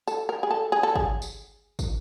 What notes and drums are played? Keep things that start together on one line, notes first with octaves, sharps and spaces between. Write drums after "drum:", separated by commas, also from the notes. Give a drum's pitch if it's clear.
A4, drum: tambourine
A#4
G#4
A4
G#4
A4
G#4, drum: kick
drum: tambourine
drum: kick, tambourine